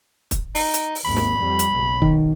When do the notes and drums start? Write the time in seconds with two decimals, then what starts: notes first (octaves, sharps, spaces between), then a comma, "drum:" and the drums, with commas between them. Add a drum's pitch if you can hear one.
0.31 drum: kick, hi-hat
0.55 D#4, drum: open hi-hat
0.74 drum: hi-hat
0.95 drum: open hi-hat
1.05 G#1 D#2 B5
1.16 drum: snare
1.37 F2 G3
1.59 drum: hi-hat
1.73 F#1 B1
2.02 D#3, drum: kick